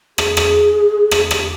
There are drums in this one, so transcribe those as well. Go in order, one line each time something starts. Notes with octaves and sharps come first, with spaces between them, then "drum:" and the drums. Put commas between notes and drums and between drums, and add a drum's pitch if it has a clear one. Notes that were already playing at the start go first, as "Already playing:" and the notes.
G#4, drum: rim click
drum: rim click
drum: rim click
G4, drum: rim click